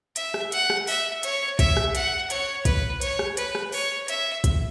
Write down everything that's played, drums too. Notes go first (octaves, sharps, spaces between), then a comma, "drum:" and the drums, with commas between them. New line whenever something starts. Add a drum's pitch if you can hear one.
E5, drum: hi-hat
drum: rim click
F#5, drum: hi-hat
drum: rim click
E5, drum: open hi-hat
C#5, drum: hi-hat
E5, drum: kick, hi-hat
drum: rim click
F#5, drum: hi-hat
C#5, drum: hi-hat
B4, drum: kick, hi-hat
C#5, drum: hi-hat
drum: rim click
B4, drum: hi-hat
drum: rim click
C#5, drum: open hi-hat
E5, drum: hi-hat
drum: kick, hi-hat